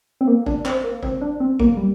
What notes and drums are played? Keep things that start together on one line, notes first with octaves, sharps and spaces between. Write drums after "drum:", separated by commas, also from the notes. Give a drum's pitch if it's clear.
C4
A#3
D4, drum: kick G#1
C4, drum: clap
A#3
C4, drum: kick G#1
D4
C4
A#3, drum: kick G#1
G3